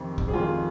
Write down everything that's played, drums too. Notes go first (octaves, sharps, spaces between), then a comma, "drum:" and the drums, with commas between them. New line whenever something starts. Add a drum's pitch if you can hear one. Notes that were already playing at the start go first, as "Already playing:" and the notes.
Already playing: F2 C3 D#3
drum: kick
G#4
F2 C3 D#3 F4